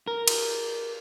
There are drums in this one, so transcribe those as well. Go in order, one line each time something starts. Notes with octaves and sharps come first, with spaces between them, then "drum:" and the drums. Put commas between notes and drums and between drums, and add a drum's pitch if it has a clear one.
A#4
drum: cymbal